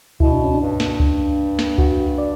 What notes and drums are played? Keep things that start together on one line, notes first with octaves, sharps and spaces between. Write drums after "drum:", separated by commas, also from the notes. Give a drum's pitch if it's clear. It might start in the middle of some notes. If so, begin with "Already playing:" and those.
B2 E4, drum: kick C#2
D4
C#4
D4
G2
drum: snare
drum: kick C#2
drum: snare
F#4, drum: kick C#2
D5